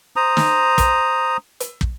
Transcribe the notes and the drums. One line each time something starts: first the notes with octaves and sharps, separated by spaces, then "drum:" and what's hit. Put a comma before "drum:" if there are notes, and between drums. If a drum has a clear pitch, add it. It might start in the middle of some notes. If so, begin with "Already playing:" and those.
C5 A#5 D#6
drum: snare
drum: kick, hi-hat
drum: hi-hat
drum: kick